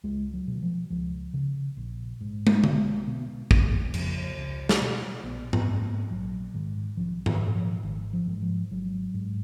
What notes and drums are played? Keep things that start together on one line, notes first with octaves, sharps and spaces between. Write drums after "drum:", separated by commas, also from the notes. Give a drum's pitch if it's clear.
C#2 G#3
F#3
B2
D#3
F3
C#2 F3
C#3
A#1
G#2
drum: tom
B1 G#3, drum: tom D3
B2
F1 A#3, drum: kick
F2, drum: cymbal
C#3
C#2
drum: snare
B2
A#1 B3
B3, drum: tom G#2
G#2
A#3
A#1 F#3
G#2 D#3
B1 F3
D#3, drum: tom G#2
A#2
F3
G#1 D#3
F3
G#2
F3
G#1 F#3
G#2